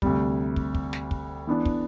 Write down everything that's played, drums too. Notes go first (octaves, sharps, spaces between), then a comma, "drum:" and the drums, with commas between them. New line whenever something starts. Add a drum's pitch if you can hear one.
D2 C3 G3, drum: kick
drum: kick
drum: kick
drum: snare
drum: kick
E3 B3 D4
drum: kick